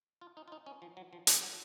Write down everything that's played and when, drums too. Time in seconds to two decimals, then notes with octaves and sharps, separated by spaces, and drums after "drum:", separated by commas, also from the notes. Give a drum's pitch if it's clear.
0.21 F4
0.37 D#4
0.48 F4
0.52 D#4
0.66 C#4
0.82 F3
0.97 F#3
1.13 F3
1.27 F3, drum: hi-hat
1.42 F#3